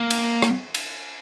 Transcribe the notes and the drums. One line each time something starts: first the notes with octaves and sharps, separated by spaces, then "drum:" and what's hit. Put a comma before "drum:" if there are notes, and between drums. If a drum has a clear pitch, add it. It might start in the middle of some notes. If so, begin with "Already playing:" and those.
Already playing: A#3
drum: cymbal
drum: rim click
drum: cymbal